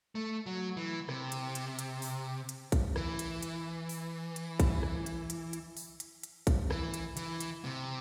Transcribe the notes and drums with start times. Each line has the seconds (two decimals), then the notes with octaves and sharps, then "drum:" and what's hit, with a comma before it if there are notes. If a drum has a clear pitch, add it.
0.15 A3
0.46 F#3
0.77 E3
1.09 C3, drum: rim click
1.32 drum: hi-hat
1.55 drum: hi-hat
1.79 drum: hi-hat
2.02 drum: open hi-hat
2.49 drum: hi-hat
2.72 drum: kick A#1, hi-hat
2.96 E3, drum: rim click
3.19 drum: hi-hat
3.43 drum: hi-hat
3.89 drum: open hi-hat
4.36 drum: hi-hat
4.60 drum: kick A#1, hi-hat
4.83 drum: rim click
5.06 drum: hi-hat
5.30 drum: hi-hat
5.53 drum: hi-hat
5.77 drum: open hi-hat
6.00 drum: hi-hat
6.23 drum: hi-hat
6.47 drum: kick A#1, hi-hat
6.71 E3, drum: rim click
6.94 drum: hi-hat
7.17 E3, drum: hi-hat
7.40 drum: hi-hat
7.64 C3